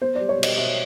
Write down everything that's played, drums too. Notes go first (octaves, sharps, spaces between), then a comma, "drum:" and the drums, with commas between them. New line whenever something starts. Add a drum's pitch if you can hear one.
B3 C5
G3 D5
C#5
B2
D#5, drum: cymbal
B2 E5